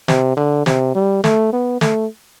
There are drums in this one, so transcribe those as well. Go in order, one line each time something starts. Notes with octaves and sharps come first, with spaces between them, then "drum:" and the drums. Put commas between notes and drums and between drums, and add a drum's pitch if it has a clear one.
C3, drum: snare
D3
C3, drum: snare
G3
A3, drum: snare
B3
A3, drum: snare